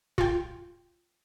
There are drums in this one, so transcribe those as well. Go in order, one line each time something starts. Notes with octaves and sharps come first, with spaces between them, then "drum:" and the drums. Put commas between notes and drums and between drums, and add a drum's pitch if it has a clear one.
F4 G5, drum: kick